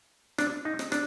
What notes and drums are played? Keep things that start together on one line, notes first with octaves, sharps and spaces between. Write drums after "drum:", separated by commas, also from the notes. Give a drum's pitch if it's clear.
D4, drum: rim click
D#4
drum: rim click
D4, drum: rim click